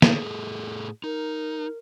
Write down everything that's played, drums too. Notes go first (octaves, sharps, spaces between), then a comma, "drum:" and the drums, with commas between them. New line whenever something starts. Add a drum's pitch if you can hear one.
A2 G#4 A4, drum: snare
D#4 A#4